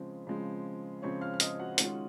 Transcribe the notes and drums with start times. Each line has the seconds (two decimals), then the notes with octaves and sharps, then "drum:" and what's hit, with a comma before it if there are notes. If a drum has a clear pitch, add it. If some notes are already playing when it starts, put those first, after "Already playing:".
Already playing: C#3 F3 G#3 C4
0.27 C#3 F3 G#3 C4
1.02 C#3 F3 G#3 C4 C#5 C#6
1.21 F5 F6
1.34 F6
1.40 D#5 D#6, drum: hi-hat
1.59 F#4 F#5
1.78 D#3 G#3 C#4 F4, drum: hi-hat